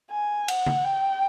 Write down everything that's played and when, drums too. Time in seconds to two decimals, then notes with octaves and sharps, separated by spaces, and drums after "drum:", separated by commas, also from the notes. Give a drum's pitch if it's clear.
0.11 G#5
0.48 F#5, drum: cymbal
0.66 drum: tom C#3
0.85 G5